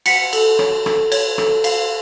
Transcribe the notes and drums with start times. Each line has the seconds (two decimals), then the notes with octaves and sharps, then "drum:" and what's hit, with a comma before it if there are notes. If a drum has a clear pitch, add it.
0.06 F#5 B6 C#7, drum: cymbal
0.33 A4, drum: cymbal
0.59 C#5, drum: rim click
0.86 A4, drum: rim click
1.12 C#5, drum: cymbal
1.38 A4, drum: rim click
1.64 F5, drum: cymbal